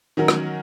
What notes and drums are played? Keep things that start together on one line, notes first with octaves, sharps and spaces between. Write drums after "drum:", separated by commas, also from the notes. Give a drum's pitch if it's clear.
D#3 F#3 C#4 F#4 A#4
drum: rim click